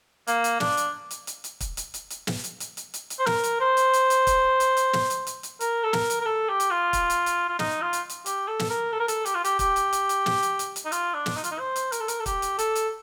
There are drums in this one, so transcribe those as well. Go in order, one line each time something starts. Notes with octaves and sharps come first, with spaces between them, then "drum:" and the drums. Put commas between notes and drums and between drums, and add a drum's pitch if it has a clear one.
A#3, drum: hi-hat
drum: hi-hat
D4, drum: snare
drum: hi-hat
drum: hi-hat
drum: hi-hat
drum: hi-hat
drum: kick, hi-hat
drum: hi-hat
drum: hi-hat
drum: hi-hat
drum: snare
drum: hi-hat
drum: hi-hat
drum: hi-hat
drum: hi-hat
drum: hi-hat
C5
A#4, drum: snare
drum: hi-hat
C5
drum: hi-hat
drum: hi-hat
drum: hi-hat
drum: kick, hi-hat
drum: hi-hat
drum: hi-hat
drum: snare
drum: hi-hat
drum: hi-hat
drum: hi-hat
A#4, drum: hi-hat
A4
A#4, drum: snare
drum: hi-hat
A#4
A4
G4
drum: hi-hat
F4
drum: kick, hi-hat
drum: hi-hat
drum: hi-hat
F4
D#4, drum: snare
F4
drum: hi-hat
drum: hi-hat
G4, drum: hi-hat
A4
drum: snare
A#4
A4
A#4
A4, drum: hi-hat
G4, drum: hi-hat
F4
G4, drum: hi-hat
G4, drum: kick, hi-hat
drum: hi-hat
drum: hi-hat
drum: hi-hat
drum: snare
drum: hi-hat
drum: hi-hat
drum: hi-hat
D#4
F4, drum: hi-hat
D4
drum: snare
D#4
F4, drum: hi-hat
D#4
C5
drum: hi-hat
A#4, drum: hi-hat
A4
A#4, drum: hi-hat
A4
G4, drum: kick, hi-hat
drum: hi-hat
A4, drum: hi-hat
drum: hi-hat